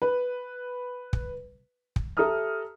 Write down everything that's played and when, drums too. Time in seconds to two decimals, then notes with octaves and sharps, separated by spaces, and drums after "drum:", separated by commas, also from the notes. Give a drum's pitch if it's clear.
0.02 B4
1.13 drum: kick
1.96 drum: kick
2.17 G4 A4 E5 A#5 D#6 F6